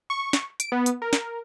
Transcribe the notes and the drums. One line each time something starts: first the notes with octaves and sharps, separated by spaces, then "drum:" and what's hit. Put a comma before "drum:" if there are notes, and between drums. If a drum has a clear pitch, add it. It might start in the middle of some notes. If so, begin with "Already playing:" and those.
C#6
drum: snare
D7, drum: hi-hat
B3
drum: hi-hat
A#4
drum: snare